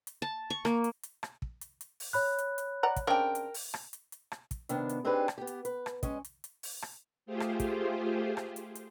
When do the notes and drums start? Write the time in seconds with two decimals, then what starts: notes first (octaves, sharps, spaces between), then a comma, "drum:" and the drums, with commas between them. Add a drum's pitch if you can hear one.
0.07 drum: hi-hat
0.22 A5
0.50 C#6
0.65 A#3, drum: rim click
0.84 drum: hi-hat
1.03 drum: hi-hat
1.23 drum: rim click
1.42 drum: kick
1.61 drum: hi-hat
1.81 drum: hi-hat
2.00 drum: open hi-hat
2.13 C#5 B5 F#6
2.39 drum: hi-hat
2.58 drum: hi-hat
2.83 D5 F#5 A#5
2.96 drum: kick, hi-hat
3.07 C#3 C4 D4 A#4 G5
3.35 drum: hi-hat
3.54 drum: open hi-hat
3.74 drum: rim click
3.93 drum: hi-hat
4.12 drum: hi-hat
4.32 drum: rim click
4.51 drum: kick, hi-hat
4.69 C3 D#3 B3 D4, drum: hi-hat
4.89 drum: hi-hat
5.05 C4 D4 D#4 G4 G#4 B4
5.28 drum: rim click
5.38 B3 G4
5.47 drum: hi-hat
5.65 B4, drum: hi-hat
5.86 drum: rim click
6.03 G#3 C#4 D#5, drum: kick, hi-hat
6.25 drum: hi-hat
6.44 drum: hi-hat
6.63 drum: open hi-hat
6.82 drum: rim click
7.26 A3 F4 G4 G#4 C5
7.40 drum: rim click
7.60 drum: kick, hi-hat
8.37 drum: rim click
8.56 drum: hi-hat
8.75 drum: hi-hat